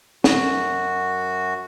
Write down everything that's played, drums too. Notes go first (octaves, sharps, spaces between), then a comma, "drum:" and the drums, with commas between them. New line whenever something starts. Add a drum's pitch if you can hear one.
F#2 F#4, drum: snare